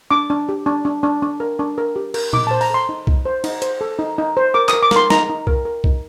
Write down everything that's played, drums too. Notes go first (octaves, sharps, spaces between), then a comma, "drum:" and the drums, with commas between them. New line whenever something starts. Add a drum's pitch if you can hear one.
D4 D6
D4
G4
D4
D4
D4
D4
A#4
D4
A#4
G4
A#4, drum: cymbal
D#4 D6, drum: tom A#2
C5 A5
A#5, drum: open hi-hat
A4 C6
D#4
D#4, drum: kick C2
C5
D#4, drum: cymbal
C5, drum: hi-hat
A4
D#4
D#4
C5
A#4 D6
A#4 D#6, drum: clap
D6
A#4 C6, drum: snare
D#4 A#5, drum: snare
D#4
A#4, drum: kick C2
A#4
D#4, drum: kick C2